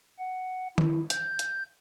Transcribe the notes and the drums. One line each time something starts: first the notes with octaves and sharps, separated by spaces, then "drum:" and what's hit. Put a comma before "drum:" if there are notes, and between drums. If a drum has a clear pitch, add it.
F#5
E4, drum: tom D#3
G6, drum: hi-hat
drum: hi-hat